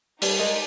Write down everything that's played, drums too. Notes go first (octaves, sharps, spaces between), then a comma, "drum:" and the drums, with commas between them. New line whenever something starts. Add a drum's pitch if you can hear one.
G3 D#4 G4 A#4 D5 G#5, drum: open hi-hat
G#3